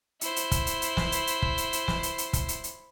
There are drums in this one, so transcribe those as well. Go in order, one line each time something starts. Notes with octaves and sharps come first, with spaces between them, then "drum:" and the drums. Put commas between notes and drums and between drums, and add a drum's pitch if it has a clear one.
E4 C5, drum: hi-hat
drum: hi-hat
drum: kick, hi-hat
drum: hi-hat
drum: hi-hat
drum: snare
drum: hi-hat
drum: hi-hat
drum: kick
drum: hi-hat
drum: hi-hat
drum: snare
drum: hi-hat
drum: hi-hat
drum: kick, hi-hat
drum: hi-hat
drum: hi-hat